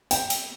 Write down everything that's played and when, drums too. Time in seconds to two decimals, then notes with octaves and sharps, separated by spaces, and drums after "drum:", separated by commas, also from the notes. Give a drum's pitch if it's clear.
0.11 G5, drum: hi-hat
0.30 drum: hi-hat